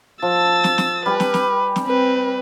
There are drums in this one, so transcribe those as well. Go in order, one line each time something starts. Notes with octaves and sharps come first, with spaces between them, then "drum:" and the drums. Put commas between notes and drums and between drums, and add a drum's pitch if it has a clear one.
F3 E6 A6
drum: snare
drum: snare
G3 B4 G5 G#5
drum: snare
drum: snare
drum: snare
C4 B4